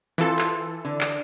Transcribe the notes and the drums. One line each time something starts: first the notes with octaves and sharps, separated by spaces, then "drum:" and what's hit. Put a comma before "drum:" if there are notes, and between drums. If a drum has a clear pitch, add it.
E3 C4 F4 A4
drum: clap
D3
drum: clap